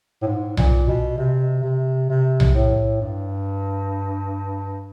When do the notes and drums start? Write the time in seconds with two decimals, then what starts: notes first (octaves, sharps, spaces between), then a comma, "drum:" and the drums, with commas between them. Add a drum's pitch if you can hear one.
0.22 A2
0.27 G#2
0.57 A#2, drum: tom B1
0.87 B2
1.18 C3
1.64 C3
2.10 C3
2.40 drum: tom B1
2.55 A2
3.01 G2